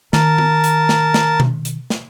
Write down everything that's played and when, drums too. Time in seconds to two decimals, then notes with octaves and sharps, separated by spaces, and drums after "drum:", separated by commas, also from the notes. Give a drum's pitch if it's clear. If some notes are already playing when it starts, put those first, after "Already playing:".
0.13 D#3 A#4 A5, drum: snare
0.38 drum: tom D#3
0.64 drum: hi-hat
0.89 drum: snare
1.14 drum: snare
1.40 drum: tom B2
1.65 drum: hi-hat
1.90 drum: snare